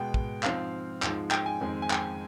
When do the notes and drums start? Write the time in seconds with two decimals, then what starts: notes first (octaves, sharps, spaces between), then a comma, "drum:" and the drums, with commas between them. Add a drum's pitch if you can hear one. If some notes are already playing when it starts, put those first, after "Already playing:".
Already playing: B2 G#3 B3 G5
0.14 drum: kick
0.43 G#2 F3 C4 F5, drum: clap
1.02 G#2 F3 G#3, drum: clap
1.31 G5, drum: clap
1.46 G#5
1.60 F2 D#3 G#3 C4
1.82 G#5
1.91 G5, drum: clap